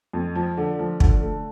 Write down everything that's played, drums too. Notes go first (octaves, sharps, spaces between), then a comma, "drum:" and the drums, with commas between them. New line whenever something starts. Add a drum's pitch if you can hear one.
F2
F3
D3
F3
D3, drum: kick
A3